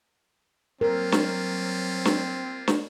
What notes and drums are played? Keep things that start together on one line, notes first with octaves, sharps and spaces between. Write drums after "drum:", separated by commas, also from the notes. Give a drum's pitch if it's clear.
F#3 G3 A#3 C4 F4 A#4
drum: snare
drum: snare
drum: snare